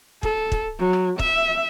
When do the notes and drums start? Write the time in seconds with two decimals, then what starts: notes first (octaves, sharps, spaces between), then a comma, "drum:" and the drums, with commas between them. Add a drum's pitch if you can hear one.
0.23 A4, drum: kick
0.52 drum: kick
0.79 F#3
0.93 drum: rim click
1.19 E5, drum: kick